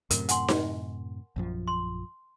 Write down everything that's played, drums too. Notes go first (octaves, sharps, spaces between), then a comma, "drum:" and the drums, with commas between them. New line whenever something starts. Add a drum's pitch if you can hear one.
F#2 A2 C3 A#4, drum: hi-hat
F#5 G#5 C6, drum: hi-hat
drum: snare D#4
A#1 F#2 F3
C6